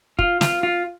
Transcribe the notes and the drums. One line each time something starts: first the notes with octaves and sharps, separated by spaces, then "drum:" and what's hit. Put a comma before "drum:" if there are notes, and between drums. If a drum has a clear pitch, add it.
F4, drum: kick
F4, drum: snare
F4